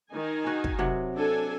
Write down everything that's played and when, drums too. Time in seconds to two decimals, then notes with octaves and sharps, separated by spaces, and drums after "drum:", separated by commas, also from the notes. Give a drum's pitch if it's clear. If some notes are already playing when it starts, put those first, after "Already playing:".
0.11 D#3 D#4 G#5
0.44 F#4 G#4
0.64 drum: kick
0.79 C3 F#3
1.14 D4 A4 G#5